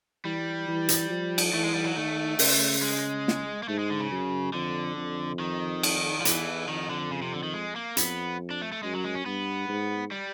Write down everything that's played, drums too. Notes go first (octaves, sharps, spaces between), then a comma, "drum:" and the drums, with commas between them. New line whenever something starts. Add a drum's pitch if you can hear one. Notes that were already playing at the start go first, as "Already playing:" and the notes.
E3 G3
E3
drum: hi-hat
F3
drum: cymbal
E3 A3
G#3
G3
F#3
D#3 A3
C#3, drum: open hi-hat
G#3
drum: snare
A#3
G#2 A3
G#3
D3
C#3
F#2
F2 D3
F2
D#3
drum: cymbal
F3
E2 E3, drum: hi-hat
F2 D#3
D3
C#3
C3
D3
D#3
G#3
A#3
F2 B3, drum: hi-hat
D4
A3
A3
F#2 G#3
F#3
G#3
C#4
G2 B3
G#2
G3